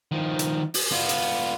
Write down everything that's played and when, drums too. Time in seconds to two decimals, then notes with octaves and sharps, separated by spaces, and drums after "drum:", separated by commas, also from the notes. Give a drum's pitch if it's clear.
0.12 D#3 F3
0.39 drum: hi-hat
0.74 drum: open hi-hat
0.91 B3 F4
1.09 drum: hi-hat